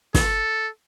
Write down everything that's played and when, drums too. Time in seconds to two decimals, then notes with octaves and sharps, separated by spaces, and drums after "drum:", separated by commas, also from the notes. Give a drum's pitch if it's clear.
0.14 A4, drum: snare